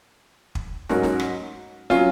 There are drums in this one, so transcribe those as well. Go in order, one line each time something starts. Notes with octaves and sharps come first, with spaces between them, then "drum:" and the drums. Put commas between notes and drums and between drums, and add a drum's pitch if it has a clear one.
drum: kick
G#2 F#3 C#4 F#4 A#4, drum: snare
drum: snare
drum: rim click
F#3 C#4 F4, drum: snare